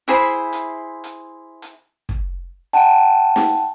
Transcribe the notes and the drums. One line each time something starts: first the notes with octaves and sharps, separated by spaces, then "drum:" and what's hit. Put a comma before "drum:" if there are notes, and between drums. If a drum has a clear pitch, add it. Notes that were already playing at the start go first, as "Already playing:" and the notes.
E4 G#4 C5 B5
drum: hi-hat
drum: hi-hat
drum: hi-hat
drum: kick
F#5 G5 A5
drum: snare